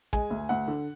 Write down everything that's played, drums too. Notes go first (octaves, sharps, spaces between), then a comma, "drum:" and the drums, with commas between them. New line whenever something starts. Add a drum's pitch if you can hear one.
G#3 G#5, drum: kick
D2
D2 F#5
D3